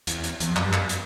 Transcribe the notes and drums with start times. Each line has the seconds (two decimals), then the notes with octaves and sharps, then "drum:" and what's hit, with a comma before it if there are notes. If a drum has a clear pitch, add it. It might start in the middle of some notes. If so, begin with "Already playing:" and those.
0.07 E2, drum: hi-hat
0.24 drum: hi-hat
0.40 E2, drum: hi-hat
0.48 F2
0.56 F#2, drum: clap
0.65 G2
0.73 F#2, drum: clap
0.89 drum: hi-hat